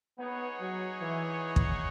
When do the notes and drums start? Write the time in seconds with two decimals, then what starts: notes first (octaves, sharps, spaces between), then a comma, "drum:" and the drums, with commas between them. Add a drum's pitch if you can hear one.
0.18 B3 D#4 G#4 C#5 F#5
0.60 F#3
1.01 E3
1.56 drum: kick